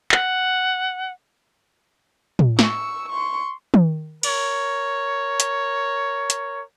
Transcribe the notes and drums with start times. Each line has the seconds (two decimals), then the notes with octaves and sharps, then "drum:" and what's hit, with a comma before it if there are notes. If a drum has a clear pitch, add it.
0.11 F#5, drum: clap
2.39 drum: tom
2.59 C#6 E6, drum: snare
3.09 C6 C#6
3.74 drum: tom
4.23 A#4 C#5, drum: cymbal
5.40 drum: hi-hat
6.30 drum: hi-hat